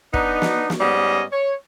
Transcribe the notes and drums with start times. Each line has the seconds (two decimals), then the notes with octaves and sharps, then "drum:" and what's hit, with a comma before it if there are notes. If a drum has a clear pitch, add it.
0.14 B3 D4 D#4, drum: kick
0.42 drum: snare
0.70 drum: snare
0.81 G#2 G3 B3 C#4 D#5
1.32 C#5